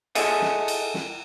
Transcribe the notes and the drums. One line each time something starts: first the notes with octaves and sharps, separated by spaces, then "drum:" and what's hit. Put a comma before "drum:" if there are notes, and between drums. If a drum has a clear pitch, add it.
G#4 A4 D#5 E5 F#5 G#5, drum: cymbal
drum: snare
drum: cymbal
drum: snare